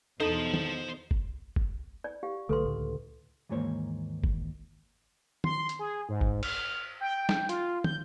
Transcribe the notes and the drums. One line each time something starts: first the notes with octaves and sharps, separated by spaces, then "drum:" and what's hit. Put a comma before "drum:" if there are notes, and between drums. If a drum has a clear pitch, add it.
E2 B2 D#4 A4 C5 A5
drum: tom
drum: kick F#1
drum: kick F#1
D5
G4 F5
B1 D3 A3 A4 B4 C6
C#2 A2 D3
D#2 G#2 E3 A#3 C5 C#5
drum: kick F#1
C6, drum: tom
drum: hi-hat
G#4
G#2
drum: kick F#1
F6, drum: cymbal
G5
drum: snare
F4, drum: hi-hat
G6, drum: tom